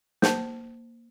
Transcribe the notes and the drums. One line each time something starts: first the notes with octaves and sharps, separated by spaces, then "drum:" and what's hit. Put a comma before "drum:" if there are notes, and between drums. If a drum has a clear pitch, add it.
A#3 C5 A5, drum: snare